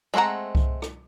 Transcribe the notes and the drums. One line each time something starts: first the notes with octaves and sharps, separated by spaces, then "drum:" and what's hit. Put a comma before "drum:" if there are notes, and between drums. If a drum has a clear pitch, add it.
G#3 A3 C4 F#5 A#5
drum: kick C2
drum: rim click